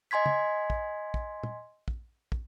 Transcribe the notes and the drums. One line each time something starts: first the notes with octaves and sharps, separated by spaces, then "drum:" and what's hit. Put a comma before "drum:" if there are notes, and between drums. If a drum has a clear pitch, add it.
D#5 G#5 C6 G#6 B6
drum: tom
drum: kick
drum: kick
drum: tom
drum: kick
drum: kick